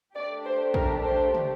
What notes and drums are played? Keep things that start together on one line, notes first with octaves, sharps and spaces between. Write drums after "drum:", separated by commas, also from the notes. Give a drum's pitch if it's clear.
A3 D4 G4 D5
C5
A#4, drum: kick
C5
drum: tom